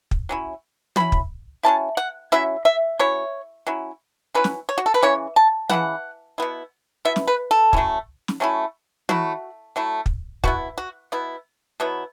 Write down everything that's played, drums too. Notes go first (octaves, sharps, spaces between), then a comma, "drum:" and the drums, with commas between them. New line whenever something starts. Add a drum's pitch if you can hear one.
drum: kick
F#3 C#4 E4
F#3 C#4 E4 B5, drum: tom
drum: kick
F#3 C#4 E4 A5
F#5
F#3 C#4 E4 E5
E5
F#3 C#4 E4 C#5
F#3 C#4 E4
F#3 C#4 E4 B4
drum: snare
C#5
F#4
A4
B4
C#3 E3 C#4 E4 C#5
A5
C#3 E3 C#4 E4 F#5, drum: tom
B2 B3 E4
B2 B3 E4 E5
drum: snare
B4
A4
F#3 A3 C#4 E4, drum: kick
drum: snare
F#3 A3 C#4 E4
F#3 A3 E4 F#4, drum: tom
F#3 A3 E4
drum: kick
B2 B3 E4 F#4, drum: kick
F#4
B2 B3 E4
B2 F#3 B3 E4